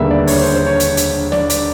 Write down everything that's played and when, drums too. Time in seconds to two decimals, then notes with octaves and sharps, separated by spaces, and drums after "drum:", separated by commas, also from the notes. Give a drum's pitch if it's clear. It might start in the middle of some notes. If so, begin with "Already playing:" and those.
Already playing: E1 D#2 D3 G3 B3 A#4 E5
0.11 D5
0.27 C#5, drum: open hi-hat
0.41 C5
0.54 C5
0.66 C#5
0.80 drum: hi-hat
0.97 drum: hi-hat
1.32 D5, drum: snare
1.50 D5, drum: hi-hat